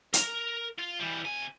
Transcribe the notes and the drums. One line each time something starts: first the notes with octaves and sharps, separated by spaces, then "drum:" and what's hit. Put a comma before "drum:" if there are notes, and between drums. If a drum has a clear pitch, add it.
A#4 A#5, drum: hi-hat
F4
E3 G3
C3 G#5